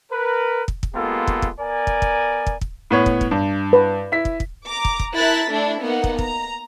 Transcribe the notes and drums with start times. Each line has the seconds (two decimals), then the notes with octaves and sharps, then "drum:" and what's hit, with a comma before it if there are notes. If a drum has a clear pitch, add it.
0.12 A#4 B4
0.68 drum: kick
0.83 drum: kick
0.94 G#3 A#3 B3 F4 G4 A4
1.27 drum: kick
1.42 drum: kick
1.60 B3 A#4 D5 G#5
1.87 drum: kick
2.02 drum: kick
2.47 drum: kick
2.61 drum: kick
2.91 A2 B3 C#5
3.06 drum: kick
3.21 drum: kick
3.31 G2
3.73 B4
4.12 E4 B6
4.25 drum: kick
4.40 drum: kick
4.69 A#5 D6
4.85 drum: kick
5.00 drum: kick
5.16 E4 A#4 A5 F#6 A6 B6
5.50 A3 D4 E4 E5
5.81 A#3 B3 D#4 F#5
6.04 drum: kick
6.19 A#5, drum: kick